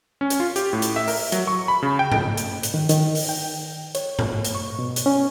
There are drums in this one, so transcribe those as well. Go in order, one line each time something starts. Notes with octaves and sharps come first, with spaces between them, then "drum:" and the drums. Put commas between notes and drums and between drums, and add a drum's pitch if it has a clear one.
C#4
drum: hi-hat
F4
G4, drum: hi-hat
A2
drum: hi-hat
E5
A#4, drum: open hi-hat
F#3, drum: hi-hat
C#6
B5
C#3
G5
drum: tom G#2
drum: hi-hat
drum: hi-hat
D#3
D#3, drum: hi-hat
drum: open hi-hat
G5
C#5, drum: hi-hat
drum: tom G#2
drum: hi-hat
C#6
B2
drum: hi-hat
C#4